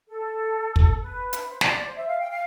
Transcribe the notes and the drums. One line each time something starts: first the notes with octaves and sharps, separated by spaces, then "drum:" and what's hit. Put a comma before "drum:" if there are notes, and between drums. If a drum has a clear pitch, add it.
A4
drum: kick
B4
drum: hi-hat
C5
D5, drum: snare
D5
C5
E5
F5
G5
F5